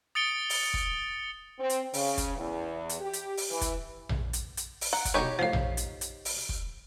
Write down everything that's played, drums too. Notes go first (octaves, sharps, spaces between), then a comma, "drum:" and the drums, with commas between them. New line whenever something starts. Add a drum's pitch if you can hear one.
D#6 A6 C#7 D7 G7
drum: open hi-hat
drum: kick
C4
drum: hi-hat
C#3, drum: open hi-hat
drum: kick, hi-hat
E2
drum: hi-hat
G4
drum: hi-hat
drum: open hi-hat
E3
drum: kick, hi-hat
drum: tom A#1
drum: hi-hat
drum: hi-hat
drum: open hi-hat
F#5 A#5
drum: kick, hi-hat
B1 D#4 G4 B4 C#5
A2 F3 C5 F5
drum: tom A#1
drum: hi-hat
drum: hi-hat
drum: open hi-hat
drum: kick